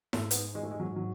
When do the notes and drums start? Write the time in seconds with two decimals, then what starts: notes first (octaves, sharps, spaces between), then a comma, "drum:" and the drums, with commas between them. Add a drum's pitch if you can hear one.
0.13 G#2 A3, drum: snare E4
0.31 B3, drum: hi-hat
0.55 G#3
0.63 A3
0.71 G#3
0.80 F#3
0.96 F#3